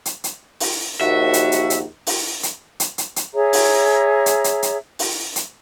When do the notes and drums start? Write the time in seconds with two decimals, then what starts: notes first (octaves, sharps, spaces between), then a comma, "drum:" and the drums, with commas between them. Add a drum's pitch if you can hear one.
0.05 drum: hi-hat
0.24 drum: hi-hat
0.60 drum: open hi-hat
1.01 A#1 D#2 F#4 E5
1.33 drum: hi-hat
1.52 drum: hi-hat
1.70 drum: hi-hat
2.07 drum: open hi-hat
2.43 drum: hi-hat
2.80 drum: hi-hat
2.98 drum: hi-hat
3.16 drum: hi-hat
3.35 G#4 C#5 E5 A#5
3.53 drum: open hi-hat
4.26 drum: hi-hat
4.44 drum: hi-hat
4.63 drum: hi-hat
4.99 drum: open hi-hat
5.36 drum: hi-hat